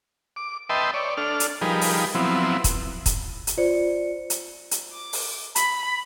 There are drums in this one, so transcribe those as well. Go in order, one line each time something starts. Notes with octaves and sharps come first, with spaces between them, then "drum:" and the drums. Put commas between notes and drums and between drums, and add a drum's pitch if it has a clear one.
D6
B4 D#5 E5 G5 A5 C6
C#5 D5
D4 A4 F6
drum: hi-hat
F3 G3 D#4 G#4 A#4 B4
drum: open hi-hat
F3 F#3 B3 C4 E4
drum: kick, hi-hat
drum: kick, hi-hat
drum: hi-hat
F4 C5 D5 C#7
drum: hi-hat
drum: hi-hat
D6
drum: open hi-hat
B5, drum: hi-hat